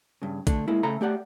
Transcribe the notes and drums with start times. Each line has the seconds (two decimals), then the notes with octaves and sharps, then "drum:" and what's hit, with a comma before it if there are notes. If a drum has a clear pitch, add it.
0.22 G2 C#3
0.47 D3 A3 D4, drum: kick B1, hi-hat
0.68 G#3 A#3 E4
0.83 C#3 A3 A4 A#5 B5
1.01 A3 G4 D5 F#5